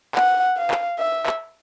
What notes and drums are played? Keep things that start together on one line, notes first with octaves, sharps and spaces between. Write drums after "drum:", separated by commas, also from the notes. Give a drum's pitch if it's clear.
F#5, drum: clap
F5
drum: clap
E5
drum: clap